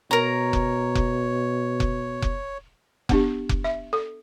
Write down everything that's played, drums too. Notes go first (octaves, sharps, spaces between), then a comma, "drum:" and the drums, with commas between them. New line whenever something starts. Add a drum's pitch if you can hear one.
B2 A#4 C#5 A#5
drum: kick F1
drum: kick F1
drum: kick F1
drum: kick F1
B3 D4 G4, drum: kick F1
drum: kick F1
E5
A4